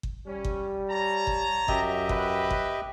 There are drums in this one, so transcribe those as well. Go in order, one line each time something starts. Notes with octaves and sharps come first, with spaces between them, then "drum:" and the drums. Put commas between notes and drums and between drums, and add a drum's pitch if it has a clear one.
drum: kick G1
G3 C#4
drum: kick G1
C#5 A5 A#5
drum: kick G1
F#2 G4 D#5 E5, drum: kick G1
B4, drum: kick G1
drum: kick G1